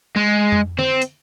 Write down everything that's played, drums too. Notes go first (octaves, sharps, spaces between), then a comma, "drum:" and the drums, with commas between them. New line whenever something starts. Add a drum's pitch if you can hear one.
G#3
drum: tom F2
C4, drum: tom D3
drum: hi-hat